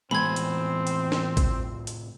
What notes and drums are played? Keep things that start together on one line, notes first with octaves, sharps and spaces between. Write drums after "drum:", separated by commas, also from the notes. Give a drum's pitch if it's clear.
E2 A2 C3 G#3 C4 B5 C6 G#6
drum: hi-hat
drum: hi-hat
drum: snare
drum: kick A1, hi-hat
drum: hi-hat